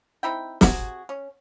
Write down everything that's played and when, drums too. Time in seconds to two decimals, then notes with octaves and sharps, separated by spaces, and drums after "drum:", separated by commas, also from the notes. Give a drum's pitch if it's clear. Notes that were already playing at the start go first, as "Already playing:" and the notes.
0.23 C4 D#4 E4 G5
0.61 C3 F#4 G#4, drum: snare
1.09 C#4